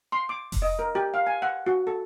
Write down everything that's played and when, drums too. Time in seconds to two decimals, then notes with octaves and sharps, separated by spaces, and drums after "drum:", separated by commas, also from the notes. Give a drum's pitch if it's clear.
0.12 C6
0.29 D6
0.52 drum: kick F1, open hi-hat
0.62 D#5
0.79 A#4
0.95 G4
1.14 F5
1.27 G#5
1.42 F#5
1.66 F#4
1.87 A4